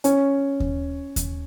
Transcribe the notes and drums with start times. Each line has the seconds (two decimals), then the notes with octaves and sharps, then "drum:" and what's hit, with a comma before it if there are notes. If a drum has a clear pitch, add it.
0.04 C#4, drum: hi-hat
0.60 drum: kick D#2
1.16 drum: kick D#2, hi-hat